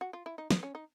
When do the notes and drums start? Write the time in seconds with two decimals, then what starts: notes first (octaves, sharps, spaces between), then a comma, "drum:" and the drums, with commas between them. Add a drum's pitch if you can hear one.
0.01 F#4
0.13 F4
0.26 E4
0.38 D#4
0.51 B3, drum: snare
0.63 C#4
0.75 D#4